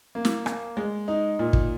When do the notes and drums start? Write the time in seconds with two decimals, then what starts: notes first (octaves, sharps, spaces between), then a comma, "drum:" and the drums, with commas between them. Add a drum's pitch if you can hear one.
0.15 A#3
0.25 drum: snare
0.46 A#3, drum: rim click
0.77 G#3
1.08 D#4
1.39 A#2
1.53 drum: kick